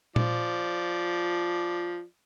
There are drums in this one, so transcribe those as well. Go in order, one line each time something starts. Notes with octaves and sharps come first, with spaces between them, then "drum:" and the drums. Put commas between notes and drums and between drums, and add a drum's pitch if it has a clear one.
F3 D5, drum: tom A#2